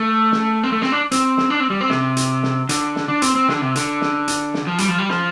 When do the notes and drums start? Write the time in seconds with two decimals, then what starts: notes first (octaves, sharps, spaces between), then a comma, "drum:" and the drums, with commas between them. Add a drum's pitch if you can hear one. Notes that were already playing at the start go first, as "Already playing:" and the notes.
Already playing: A3
0.32 drum: snare
0.63 C4
0.72 A3
0.82 C4, drum: snare
0.92 D4
1.12 C4, drum: hi-hat
1.37 drum: snare
1.50 D4
1.60 C4
1.70 G3
1.81 C4
1.90 C3, drum: snare
2.17 drum: hi-hat
2.43 drum: snare
2.69 D3, drum: hi-hat
2.96 drum: snare
3.08 D4
3.22 C4, drum: hi-hat
3.35 C4
3.49 D3, drum: snare
3.61 C3
3.75 D3, drum: hi-hat
4.01 drum: snare
4.28 drum: hi-hat
4.54 drum: snare
4.67 F3
4.78 G3, drum: hi-hat
4.88 F3
4.98 G3
5.09 F3, drum: snare